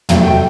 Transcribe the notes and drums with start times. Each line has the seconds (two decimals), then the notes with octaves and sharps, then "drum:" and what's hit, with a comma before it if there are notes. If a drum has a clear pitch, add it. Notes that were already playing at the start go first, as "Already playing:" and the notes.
0.09 C3 F#3 A3, drum: tom
0.26 G5